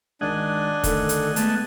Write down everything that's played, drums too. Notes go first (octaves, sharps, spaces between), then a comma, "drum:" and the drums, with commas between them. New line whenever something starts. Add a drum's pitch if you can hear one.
G1 D#3 G#3 D4 D#5 F#5 G#5
D3 D#3 A3 A4, drum: kick, hi-hat
drum: hi-hat
G#3 A3 B3 A5, drum: hi-hat